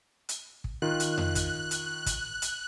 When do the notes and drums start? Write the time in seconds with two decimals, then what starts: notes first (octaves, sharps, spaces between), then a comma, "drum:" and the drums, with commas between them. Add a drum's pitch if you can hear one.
0.29 drum: hi-hat
0.64 drum: kick
0.82 D#3 F4 F#6
1.00 drum: hi-hat
1.18 drum: tom F2
1.35 drum: kick, hi-hat
1.71 drum: hi-hat
2.06 drum: kick, hi-hat
2.42 drum: hi-hat